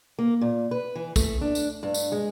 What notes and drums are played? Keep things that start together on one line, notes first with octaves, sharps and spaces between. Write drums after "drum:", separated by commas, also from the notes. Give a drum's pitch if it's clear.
A#3
A#2
B4
E3
A3, drum: kick, tambourine
D4
drum: tambourine
G2
drum: tambourine
G#3